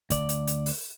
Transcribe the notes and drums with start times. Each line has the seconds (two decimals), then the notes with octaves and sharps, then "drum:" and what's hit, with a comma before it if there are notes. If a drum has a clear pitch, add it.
0.10 D2 D5, drum: kick, hi-hat
0.29 drum: hi-hat
0.47 drum: hi-hat
0.66 drum: open hi-hat